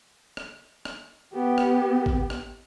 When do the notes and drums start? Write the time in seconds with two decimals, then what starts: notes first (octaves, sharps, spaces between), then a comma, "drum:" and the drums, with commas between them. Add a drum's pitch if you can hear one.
0.37 drum: rim click
0.85 drum: rim click
1.34 B3 G4
1.58 drum: rim click
2.06 drum: kick
2.30 drum: rim click